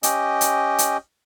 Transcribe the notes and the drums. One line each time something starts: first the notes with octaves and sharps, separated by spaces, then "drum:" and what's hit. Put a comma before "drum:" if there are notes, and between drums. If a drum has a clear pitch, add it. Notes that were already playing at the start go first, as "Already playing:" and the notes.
C#4 G4 D#5, drum: hi-hat
drum: hi-hat
drum: hi-hat